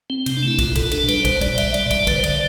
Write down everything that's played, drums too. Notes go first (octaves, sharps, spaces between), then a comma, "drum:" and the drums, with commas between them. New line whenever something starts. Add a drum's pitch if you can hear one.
C4
C3, drum: cymbal
D4
A3 E4
B2 F4, drum: kick, cymbal
B2 A4, drum: kick, cymbal
D4 A4, drum: cymbal
G3 B4, drum: cymbal
B2 C5, drum: kick, cymbal
G3 D5, drum: kick, cymbal
B2 E5, drum: cymbal
G3 D5, drum: cymbal
G3 E5, drum: kick, cymbal
D5
D3 B4, drum: kick, cymbal
C5
D3 D5, drum: cymbal